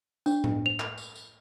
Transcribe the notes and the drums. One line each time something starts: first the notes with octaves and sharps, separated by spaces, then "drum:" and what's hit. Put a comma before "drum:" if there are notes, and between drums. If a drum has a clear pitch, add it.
D4, drum: tambourine
drum: tom A2
F7
drum: clap
drum: tambourine
drum: tambourine